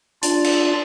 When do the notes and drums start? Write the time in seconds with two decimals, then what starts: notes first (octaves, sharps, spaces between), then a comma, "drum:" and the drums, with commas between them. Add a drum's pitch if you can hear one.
0.23 D4 F4 D5, drum: hi-hat
0.44 drum: cymbal